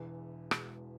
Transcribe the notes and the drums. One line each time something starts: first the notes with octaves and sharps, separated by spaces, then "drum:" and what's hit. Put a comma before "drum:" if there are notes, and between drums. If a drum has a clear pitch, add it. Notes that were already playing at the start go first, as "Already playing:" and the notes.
Already playing: E1 E2 E3
E1 E2 B2 G#3, drum: rim click